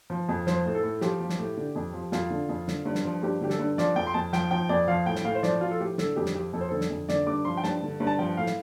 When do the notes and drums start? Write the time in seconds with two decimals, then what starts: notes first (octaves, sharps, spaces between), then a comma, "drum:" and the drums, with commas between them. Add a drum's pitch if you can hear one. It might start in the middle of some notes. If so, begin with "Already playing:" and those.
0.10 F3
0.29 F2
0.47 F3 C5, drum: snare
0.66 A2
0.75 A4
0.83 A2
1.01 F3 G4, drum: snare
1.20 F3
1.29 drum: snare
1.39 A2
1.57 D3
1.76 F2
1.93 F3
2.12 F2 F4, drum: snare
2.30 D3
2.49 F2
2.68 D3, drum: snare
2.85 G2
2.95 drum: snare
3.05 F3
3.22 G2 G4
3.41 D3 G4
3.50 A4, drum: snare
3.59 G2
3.78 F3 D5, drum: snare
3.96 F2 G5
4.07 C6
4.14 F2 A5
4.33 F3 G5, drum: snare
4.51 F3 G5
4.69 F2 D5
4.88 F3 F5
5.06 A2 G5
5.16 drum: snare
5.25 A2 F5
5.35 C5
5.43 F3 D5, drum: snare
5.61 F3 F4
5.71 A4
5.80 A2 G4
5.98 D3 A4, drum: snare
6.16 F2 G4
6.26 drum: snare
6.35 F3 G4
6.53 F2 A4
6.61 C5
6.69 D3 A4
6.81 drum: snare
6.90 F2
7.09 D3 D5, drum: snare
7.27 G2 D6
7.45 F3 C6
7.57 G5
7.64 G2 A5, drum: snare
7.83 D3
8.00 G2
8.07 A5
8.19 F3 G5
8.37 A2 F5
8.46 drum: snare